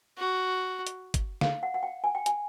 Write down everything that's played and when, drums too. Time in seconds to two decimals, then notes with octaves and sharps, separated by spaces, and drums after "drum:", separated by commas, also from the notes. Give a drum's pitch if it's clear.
0.18 F#4
0.87 drum: hi-hat
1.14 drum: kick, hi-hat
1.41 F5, drum: snare
1.63 F#5
1.74 F#5
1.83 G5
2.04 G#5
2.15 G5
2.26 G#5, drum: hi-hat